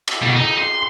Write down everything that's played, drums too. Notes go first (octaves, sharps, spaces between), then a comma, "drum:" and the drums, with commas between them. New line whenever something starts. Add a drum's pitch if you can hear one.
drum: cymbal
B2
D#4
C6